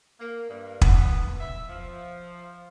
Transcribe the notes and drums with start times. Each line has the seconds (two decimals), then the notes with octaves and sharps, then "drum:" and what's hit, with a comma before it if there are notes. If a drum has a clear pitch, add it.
0.20 A#3
0.48 G2
0.81 B3, drum: kick
1.39 E5
1.69 F3